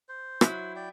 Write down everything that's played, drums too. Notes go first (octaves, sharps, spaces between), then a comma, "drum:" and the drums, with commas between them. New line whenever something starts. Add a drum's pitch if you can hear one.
C5
F#3 E4, drum: rim click
D5 G5